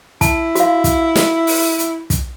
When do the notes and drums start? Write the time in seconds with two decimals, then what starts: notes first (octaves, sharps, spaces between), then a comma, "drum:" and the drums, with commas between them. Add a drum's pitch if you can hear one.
0.21 E4 A5, drum: kick, hi-hat
0.55 F#4 F5, drum: hi-hat
0.84 drum: kick, hi-hat
1.16 drum: snare
1.47 drum: open hi-hat
1.79 drum: hi-hat
2.10 drum: kick, hi-hat